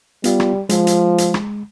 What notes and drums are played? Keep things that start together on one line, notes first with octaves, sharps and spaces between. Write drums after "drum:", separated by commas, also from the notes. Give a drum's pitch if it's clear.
G3 B3 F4, drum: hi-hat
drum: rim click
F3 G#3, drum: hi-hat
drum: hi-hat
drum: hi-hat
drum: rim click